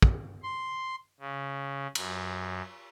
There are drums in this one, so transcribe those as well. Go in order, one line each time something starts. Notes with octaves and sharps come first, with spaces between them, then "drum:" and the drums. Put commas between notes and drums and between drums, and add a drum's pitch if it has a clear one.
drum: kick
C6
C#3
F#2, drum: cymbal